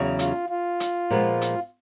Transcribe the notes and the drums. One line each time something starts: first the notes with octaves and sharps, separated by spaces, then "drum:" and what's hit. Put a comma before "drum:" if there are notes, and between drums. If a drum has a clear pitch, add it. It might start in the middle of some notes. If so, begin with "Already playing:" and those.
Already playing: E2 C#3 F#3
F4, drum: hi-hat
F4
drum: hi-hat
A#2 F3 G#3 B3
drum: hi-hat